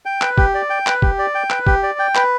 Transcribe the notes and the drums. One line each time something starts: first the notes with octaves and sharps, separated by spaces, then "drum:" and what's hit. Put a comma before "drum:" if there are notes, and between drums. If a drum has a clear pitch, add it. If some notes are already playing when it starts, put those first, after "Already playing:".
G5
B4, drum: clap
G4, drum: kick
D5
G5
B4, drum: clap
G4, drum: kick
D5
G5
B4, drum: clap
G4, drum: kick
D5
G5
B4, drum: clap